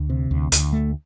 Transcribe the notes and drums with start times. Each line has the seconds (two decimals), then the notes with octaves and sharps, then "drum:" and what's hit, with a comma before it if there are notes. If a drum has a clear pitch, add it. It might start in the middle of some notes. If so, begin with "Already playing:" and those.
Already playing: D2
0.10 C3
0.31 D2
0.52 D2, drum: hi-hat
0.73 A3